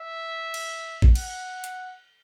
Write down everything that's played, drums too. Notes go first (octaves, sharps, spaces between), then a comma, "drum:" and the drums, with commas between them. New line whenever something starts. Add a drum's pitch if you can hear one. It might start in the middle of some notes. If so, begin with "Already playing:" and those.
Already playing: E5
drum: cymbal
drum: kick G#1
F#5, drum: cymbal
drum: hi-hat